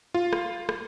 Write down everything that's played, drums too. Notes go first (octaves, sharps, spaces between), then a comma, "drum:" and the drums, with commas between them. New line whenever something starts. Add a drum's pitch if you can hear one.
F4
drum: rim click
drum: rim click